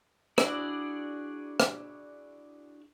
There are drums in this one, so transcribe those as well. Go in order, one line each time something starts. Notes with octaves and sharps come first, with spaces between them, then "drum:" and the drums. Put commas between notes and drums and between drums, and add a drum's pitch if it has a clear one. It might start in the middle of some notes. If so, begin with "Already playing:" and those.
D4 E4 F#4 G#4 D5, drum: rim click
drum: rim click